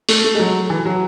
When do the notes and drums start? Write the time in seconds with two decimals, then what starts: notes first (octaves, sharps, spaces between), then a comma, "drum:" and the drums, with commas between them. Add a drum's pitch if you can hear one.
0.09 A3, drum: open hi-hat
0.24 A3
0.35 G#3
0.40 F#3
0.70 E3
0.85 F#3